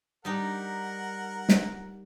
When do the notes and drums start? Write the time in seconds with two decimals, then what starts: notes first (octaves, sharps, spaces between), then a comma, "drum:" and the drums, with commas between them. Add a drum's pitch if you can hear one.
0.25 G3 D#4 G4 A#4 F#5
1.49 drum: snare